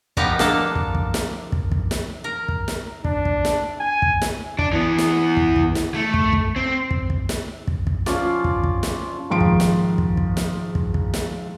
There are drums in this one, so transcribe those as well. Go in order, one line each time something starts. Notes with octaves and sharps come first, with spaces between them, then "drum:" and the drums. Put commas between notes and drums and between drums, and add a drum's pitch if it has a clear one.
F3 B3 D#4 G4 A#4, drum: kick
A#3 D4 A4, drum: snare
drum: kick
drum: kick
drum: snare
drum: kick
drum: kick
drum: snare
A#4
drum: kick
drum: snare
D4, drum: kick
drum: kick
drum: snare
G#5
drum: kick
drum: snare
D4, drum: kick
E3 B3
drum: snare
drum: kick
drum: kick
drum: snare
A3
drum: kick
drum: kick
C4
drum: kick
drum: kick
drum: snare
drum: kick
drum: kick
F3 C#4 F4 D5, drum: snare
drum: kick
drum: kick
drum: snare
G#2 D#3 F3 C6 D7
drum: kick
drum: snare
drum: kick
drum: kick
drum: snare
drum: kick
drum: kick
drum: snare